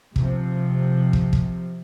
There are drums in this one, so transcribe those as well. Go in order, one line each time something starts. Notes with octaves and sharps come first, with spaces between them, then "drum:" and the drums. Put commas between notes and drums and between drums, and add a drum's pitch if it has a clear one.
C3 F3, drum: kick
drum: kick
drum: kick